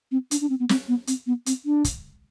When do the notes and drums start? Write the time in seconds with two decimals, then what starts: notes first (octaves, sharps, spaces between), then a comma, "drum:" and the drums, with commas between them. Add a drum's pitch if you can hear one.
0.11 C4
0.31 D4, drum: hi-hat
0.41 D4
0.50 C4
0.60 B3
0.69 C4, drum: snare
0.88 B3
1.07 C4, drum: hi-hat
1.27 B3
1.46 C4, drum: hi-hat
1.65 D4
1.84 drum: kick, hi-hat